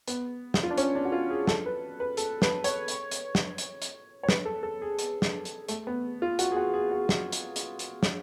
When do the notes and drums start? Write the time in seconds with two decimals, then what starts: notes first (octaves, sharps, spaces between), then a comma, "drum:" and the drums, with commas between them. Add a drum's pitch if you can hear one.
0.08 B3, drum: hi-hat
0.54 drum: snare
0.63 F4
0.70 D4
0.78 C#4, drum: hi-hat
0.95 D4
1.05 F#4
1.12 F4
1.30 G#4
1.47 A4, drum: snare
1.66 B4
2.00 B4
2.17 A4, drum: hi-hat
2.42 B4, drum: snare
2.64 C#5, drum: hi-hat
2.88 drum: hi-hat
3.11 drum: hi-hat
3.35 drum: snare
3.58 drum: hi-hat
3.82 drum: hi-hat
4.23 C#5
4.29 B4, drum: snare
4.45 A4
4.63 A4
4.82 G#4
4.99 drum: hi-hat
5.22 drum: snare
5.45 drum: hi-hat
5.68 A3, drum: hi-hat
5.87 B3
6.22 F4
6.39 F#4, drum: hi-hat
6.52 G#4
6.57 F#4
6.73 G#4
6.91 F#4
7.09 drum: snare
7.32 drum: hi-hat
7.56 drum: hi-hat
7.79 drum: hi-hat
8.03 drum: snare